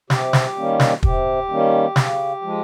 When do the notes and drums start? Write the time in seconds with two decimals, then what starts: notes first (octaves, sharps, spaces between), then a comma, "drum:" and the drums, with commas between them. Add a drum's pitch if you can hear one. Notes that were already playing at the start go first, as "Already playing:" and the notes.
0.10 C3 G4, drum: snare
0.33 drum: snare
0.56 D#3 G3 A#3 C#4
0.80 drum: snare
1.03 C3 G4, drum: kick
1.49 D#3 G3 A#3 C#4
1.96 C#3, drum: snare
2.42 F3 G#3